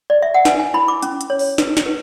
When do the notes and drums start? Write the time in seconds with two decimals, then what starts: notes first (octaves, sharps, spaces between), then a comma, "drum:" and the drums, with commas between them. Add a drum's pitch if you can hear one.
0.10 D5
0.22 E5
0.34 F#5
0.45 B4 G#5, drum: snare
0.59 G#5
0.74 E4 B5
0.88 D6
1.02 C#4, drum: hi-hat
1.21 drum: hi-hat
1.30 C#5
1.39 drum: open hi-hat
1.58 B4, drum: snare
1.77 drum: snare
1.86 B4